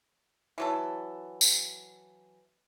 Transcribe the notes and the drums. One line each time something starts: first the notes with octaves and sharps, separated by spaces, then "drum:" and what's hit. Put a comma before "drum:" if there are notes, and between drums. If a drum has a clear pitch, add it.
E3 F#3 A4
drum: tambourine